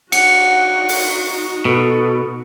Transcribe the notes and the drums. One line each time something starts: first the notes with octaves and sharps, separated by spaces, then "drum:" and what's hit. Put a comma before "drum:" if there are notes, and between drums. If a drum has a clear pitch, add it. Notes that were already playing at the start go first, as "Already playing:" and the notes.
D#4 F#4 F#5 C#7, drum: cymbal
drum: open hi-hat
B2 A4